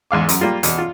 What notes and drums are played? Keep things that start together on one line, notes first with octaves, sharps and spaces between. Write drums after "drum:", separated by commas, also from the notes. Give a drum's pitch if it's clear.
E2 G#2 F5 D6
F#2, drum: hi-hat
G3 A#3 F4
E2 B2, drum: hi-hat
F4